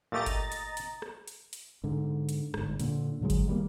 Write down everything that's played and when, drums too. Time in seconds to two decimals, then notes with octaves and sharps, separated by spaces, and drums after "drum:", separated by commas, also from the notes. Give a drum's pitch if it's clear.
0.12 A#2 A3 G4 D#5 A#5 A6
0.26 drum: kick G1, hi-hat
0.52 drum: hi-hat
0.77 drum: hi-hat
1.02 drum: rim click
1.28 drum: hi-hat
1.53 drum: hi-hat
1.84 G#2 D3
2.29 drum: hi-hat
2.54 G1 G#2, drum: rim click
2.80 A#2 D3, drum: hi-hat
3.21 A2 D3 F#3 G#3
3.30 drum: kick G1, hi-hat
3.48 D#3 G3 A3 A#3